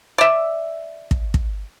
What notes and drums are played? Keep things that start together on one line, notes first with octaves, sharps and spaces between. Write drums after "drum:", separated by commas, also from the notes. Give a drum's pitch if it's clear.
D5 E5
drum: kick
drum: kick